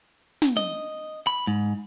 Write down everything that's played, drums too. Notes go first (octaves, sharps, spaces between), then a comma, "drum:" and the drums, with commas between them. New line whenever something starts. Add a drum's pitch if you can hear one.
drum: snare
D#5
B5
G#2